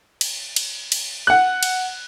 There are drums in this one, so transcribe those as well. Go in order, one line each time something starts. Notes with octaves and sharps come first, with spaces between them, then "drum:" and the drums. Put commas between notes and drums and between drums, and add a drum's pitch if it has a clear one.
drum: cymbal
drum: cymbal
drum: cymbal
F#5 F#6
drum: cymbal